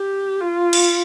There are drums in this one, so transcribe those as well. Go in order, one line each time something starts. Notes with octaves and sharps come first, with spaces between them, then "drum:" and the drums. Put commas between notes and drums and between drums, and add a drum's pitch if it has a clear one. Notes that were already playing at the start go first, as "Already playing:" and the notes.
Already playing: G4
F4
drum: cymbal